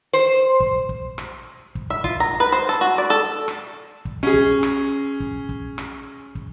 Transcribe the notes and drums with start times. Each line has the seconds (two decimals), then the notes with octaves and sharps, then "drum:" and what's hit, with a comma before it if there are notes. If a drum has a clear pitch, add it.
0.13 C5
0.60 drum: kick
0.89 drum: kick
1.18 drum: rim click
1.75 drum: kick
1.90 E5
2.04 F4, drum: kick
2.20 A#5
2.40 B4
2.52 C5
2.69 A4
2.81 F#4
2.98 D5
3.10 A4
3.48 drum: rim click
4.05 drum: kick
4.23 C#4 G#4
4.34 drum: kick
4.63 drum: rim click
5.20 drum: kick
5.49 drum: kick
5.78 drum: rim click
6.35 drum: kick